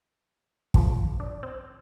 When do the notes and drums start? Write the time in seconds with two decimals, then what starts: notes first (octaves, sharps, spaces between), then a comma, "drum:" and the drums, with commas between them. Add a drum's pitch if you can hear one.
0.74 F2 D3 F3, drum: kick
1.20 D4
1.43 C4